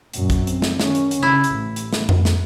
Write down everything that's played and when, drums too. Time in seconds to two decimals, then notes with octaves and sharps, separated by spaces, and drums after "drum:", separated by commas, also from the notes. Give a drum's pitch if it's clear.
0.13 F#2 A#2, drum: hi-hat
0.30 drum: kick, hi-hat
0.47 C4, drum: hi-hat
0.62 drum: snare
0.80 D#3 C#4, drum: snare
0.95 drum: hi-hat
1.11 drum: hi-hat
1.23 C#3 E4
1.44 drum: hi-hat
1.54 A1
1.76 drum: hi-hat
1.93 drum: snare
2.09 drum: tom F2
2.25 drum: snare